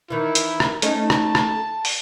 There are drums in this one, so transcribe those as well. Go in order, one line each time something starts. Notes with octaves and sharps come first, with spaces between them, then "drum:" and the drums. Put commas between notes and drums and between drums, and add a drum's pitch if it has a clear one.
D#3 E3 E4
drum: hi-hat
drum: rim click
A3 C#4 D#4 A5, drum: hi-hat
drum: rim click
drum: rim click
drum: open hi-hat